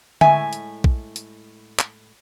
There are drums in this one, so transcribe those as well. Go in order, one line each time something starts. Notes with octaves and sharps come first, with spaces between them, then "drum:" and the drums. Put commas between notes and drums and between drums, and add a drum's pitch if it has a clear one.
A2 G#3 E5 G#5, drum: tom D3
drum: hi-hat
drum: kick A#1
drum: hi-hat
drum: clap